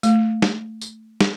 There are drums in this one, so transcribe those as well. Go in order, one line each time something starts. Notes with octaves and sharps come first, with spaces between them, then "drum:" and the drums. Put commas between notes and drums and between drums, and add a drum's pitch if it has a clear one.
A3, drum: tambourine
drum: snare
drum: tambourine
drum: snare